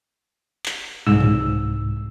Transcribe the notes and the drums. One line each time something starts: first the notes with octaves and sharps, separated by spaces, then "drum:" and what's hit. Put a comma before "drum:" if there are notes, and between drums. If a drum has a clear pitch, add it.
drum: clap
C2 G#2 E6
drum: tom G#2